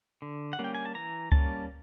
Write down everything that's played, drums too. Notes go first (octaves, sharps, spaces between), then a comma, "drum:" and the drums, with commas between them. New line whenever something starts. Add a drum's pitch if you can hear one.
D3
F#5
G3 A#3 C#4
G5
G#5
A5
E3 A#5
G3 A#3 C#4 A5, drum: kick C#2